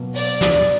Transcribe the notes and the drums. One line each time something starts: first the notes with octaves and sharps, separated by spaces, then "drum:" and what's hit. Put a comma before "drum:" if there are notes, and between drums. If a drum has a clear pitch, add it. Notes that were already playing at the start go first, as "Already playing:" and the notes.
Already playing: B2 F#3 A#3
D5, drum: open hi-hat
drum: snare